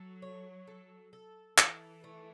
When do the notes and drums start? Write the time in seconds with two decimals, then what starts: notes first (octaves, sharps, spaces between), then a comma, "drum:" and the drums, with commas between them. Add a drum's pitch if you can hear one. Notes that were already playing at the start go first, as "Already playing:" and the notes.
Already playing: F#3 A4
0.22 C#5
0.67 A4
1.13 A4
1.58 E3 A4, drum: clap
2.04 A3